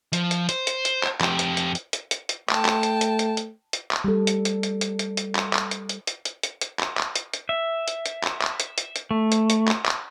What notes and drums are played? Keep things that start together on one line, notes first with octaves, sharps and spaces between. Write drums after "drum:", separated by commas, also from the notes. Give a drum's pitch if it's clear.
F3, drum: hi-hat
drum: hi-hat
C5, drum: hi-hat
drum: hi-hat
drum: hi-hat
drum: clap
F2 G4, drum: clap
drum: hi-hat
drum: hi-hat
drum: hi-hat
drum: hi-hat
drum: hi-hat
drum: hi-hat
A3 G5 A5, drum: clap
drum: clap
drum: hi-hat
drum: hi-hat
drum: hi-hat
drum: hi-hat
drum: hi-hat
drum: clap
G3 A4
drum: hi-hat
drum: hi-hat
drum: hi-hat
drum: hi-hat
drum: hi-hat
drum: hi-hat
drum: clap
drum: clap
drum: hi-hat
drum: hi-hat
drum: hi-hat
drum: hi-hat
drum: hi-hat
drum: hi-hat
drum: clap
drum: clap
drum: hi-hat
drum: hi-hat
E5
drum: hi-hat
drum: hi-hat
drum: clap
drum: clap
drum: hi-hat
drum: hi-hat
drum: hi-hat
A3
drum: hi-hat
drum: hi-hat
drum: clap
drum: clap